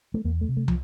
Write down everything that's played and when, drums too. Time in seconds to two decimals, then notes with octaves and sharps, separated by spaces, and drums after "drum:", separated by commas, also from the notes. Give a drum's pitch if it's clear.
0.14 A3
0.24 E2 A#3
0.41 A3
0.49 C3
0.57 A3
0.68 F3, drum: tom